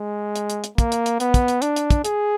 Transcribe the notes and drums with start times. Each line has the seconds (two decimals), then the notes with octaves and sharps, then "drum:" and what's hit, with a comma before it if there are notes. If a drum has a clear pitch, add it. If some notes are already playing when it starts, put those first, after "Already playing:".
Already playing: G#3
0.35 drum: hi-hat
0.50 drum: hi-hat
0.64 drum: hi-hat
0.78 A#3, drum: kick, hi-hat
0.92 drum: hi-hat
1.06 drum: hi-hat
1.20 B3, drum: hi-hat
1.34 drum: kick, hi-hat
1.48 drum: hi-hat
1.62 D4, drum: hi-hat
1.76 drum: hi-hat
1.91 drum: kick, hi-hat
2.05 G#4, drum: hi-hat